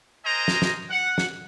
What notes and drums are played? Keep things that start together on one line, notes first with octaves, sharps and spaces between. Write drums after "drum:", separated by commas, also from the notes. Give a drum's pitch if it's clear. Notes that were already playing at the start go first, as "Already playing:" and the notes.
A#4 C5 D#5 G#5 A#5
drum: snare
drum: snare
F#5
drum: snare